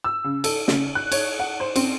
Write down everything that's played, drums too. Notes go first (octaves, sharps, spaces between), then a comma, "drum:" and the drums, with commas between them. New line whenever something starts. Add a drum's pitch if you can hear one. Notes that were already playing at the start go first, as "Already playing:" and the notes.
E6
C#3
A4, drum: cymbal
C#3, drum: snare
F#6
C#5, drum: cymbal
F#5
C5
C4, drum: cymbal